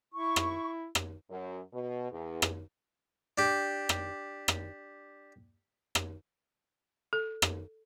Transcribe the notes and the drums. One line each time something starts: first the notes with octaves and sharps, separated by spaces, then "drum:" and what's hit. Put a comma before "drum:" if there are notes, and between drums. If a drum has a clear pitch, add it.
E4 C#6
drum: rim click
drum: rim click
F#2
B2
E2
drum: rim click
D4 G4
drum: rim click
drum: rim click
drum: rim click
A4
drum: rim click